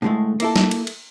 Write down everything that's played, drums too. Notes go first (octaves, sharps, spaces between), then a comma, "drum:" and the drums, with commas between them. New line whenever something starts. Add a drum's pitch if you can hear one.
A2 D3 E3 G#3 A3
A#3 E4 A4, drum: cymbal
drum: snare
drum: cymbal
drum: cymbal